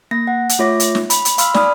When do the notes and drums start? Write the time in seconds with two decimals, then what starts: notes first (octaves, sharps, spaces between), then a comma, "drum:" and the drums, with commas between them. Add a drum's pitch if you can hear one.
0.11 A#3 A#6
0.27 F#5
0.49 drum: hi-hat
0.59 A3 F4 C#5 E5 D6 A#6
0.80 drum: hi-hat
0.95 drum: snare
1.10 B5, drum: hi-hat
1.25 drum: hi-hat
1.38 F5 B5 C6 E6 F6, drum: hi-hat
1.54 D5 G#5 B5 D#6 F6, drum: snare